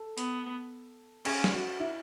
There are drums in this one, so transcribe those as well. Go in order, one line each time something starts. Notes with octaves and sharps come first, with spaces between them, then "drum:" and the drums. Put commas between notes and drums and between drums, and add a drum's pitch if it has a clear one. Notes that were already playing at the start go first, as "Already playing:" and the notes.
Already playing: A4
B3, drum: hi-hat
C#4 G#4, drum: cymbal
drum: snare
F#4
E4